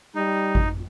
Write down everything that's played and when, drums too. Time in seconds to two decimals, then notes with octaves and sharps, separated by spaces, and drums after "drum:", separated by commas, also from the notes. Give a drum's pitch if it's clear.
0.15 G3 D#4
0.55 drum: kick G#1